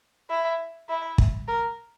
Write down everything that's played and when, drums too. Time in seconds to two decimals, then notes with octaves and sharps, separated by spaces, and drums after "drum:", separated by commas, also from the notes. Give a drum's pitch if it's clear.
0.30 E4
0.89 E4
1.18 drum: kick
1.48 A#4